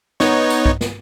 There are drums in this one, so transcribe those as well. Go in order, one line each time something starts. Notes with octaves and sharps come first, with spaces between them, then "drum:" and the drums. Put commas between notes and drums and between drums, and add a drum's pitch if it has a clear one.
B3 D#4 C#5, drum: snare
drum: tambourine
drum: kick
drum: snare